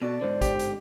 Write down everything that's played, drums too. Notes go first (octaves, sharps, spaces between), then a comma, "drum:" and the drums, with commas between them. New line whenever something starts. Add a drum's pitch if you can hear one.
B2 F#4 A4 D5
G#2 D3 C5
G4, drum: kick, hi-hat
drum: hi-hat